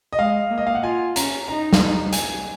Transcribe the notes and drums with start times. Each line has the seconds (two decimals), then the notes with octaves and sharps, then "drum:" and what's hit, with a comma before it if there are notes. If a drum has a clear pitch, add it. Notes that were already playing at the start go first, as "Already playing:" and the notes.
0.13 D#5
0.19 G#3 F5
0.51 A#3
0.58 D#5
0.67 F5
0.75 F#5
0.83 F4 G#5
1.16 C#4 A#5, drum: hi-hat
1.48 D#4 A#5
1.73 drum: snare
2.13 G#5, drum: hi-hat